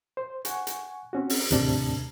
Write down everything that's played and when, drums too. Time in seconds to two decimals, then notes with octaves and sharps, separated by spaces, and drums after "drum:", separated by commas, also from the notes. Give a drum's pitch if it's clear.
0.17 C5
0.45 F#5 G#5 C#6, drum: hi-hat
0.67 drum: hi-hat
1.13 C4 C#4 F#4
1.30 drum: open hi-hat
1.51 D#2 A2 C3 D4 A5, drum: hi-hat